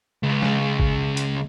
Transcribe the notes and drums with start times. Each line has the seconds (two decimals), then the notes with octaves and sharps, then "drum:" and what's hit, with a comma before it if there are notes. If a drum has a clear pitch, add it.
0.23 C#2
0.42 drum: snare
0.80 drum: kick
1.17 drum: hi-hat